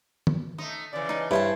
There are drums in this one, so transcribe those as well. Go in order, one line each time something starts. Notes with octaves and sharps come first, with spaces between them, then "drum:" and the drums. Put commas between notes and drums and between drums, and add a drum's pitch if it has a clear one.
drum: tom D#3
A3 D#4 D#6
C#3 E3 D5
D#4 A5
G2 E4 C5 C#5 A5